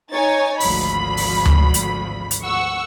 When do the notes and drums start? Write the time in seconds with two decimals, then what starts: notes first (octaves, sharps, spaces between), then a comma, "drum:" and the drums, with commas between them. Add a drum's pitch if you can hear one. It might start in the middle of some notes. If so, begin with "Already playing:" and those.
0.11 D#4 C#5 G#5 A6
0.60 G#1 D2 F3 B5, drum: open hi-hat
1.17 drum: open hi-hat
1.45 drum: tom D2
1.74 drum: hi-hat
2.31 drum: hi-hat
2.42 F#5 C#6 E6